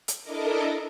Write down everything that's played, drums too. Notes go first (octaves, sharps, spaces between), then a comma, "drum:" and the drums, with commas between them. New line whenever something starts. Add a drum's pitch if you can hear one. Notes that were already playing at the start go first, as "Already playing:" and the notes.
drum: hi-hat
D4 E4 A4 A#4 D#5 D6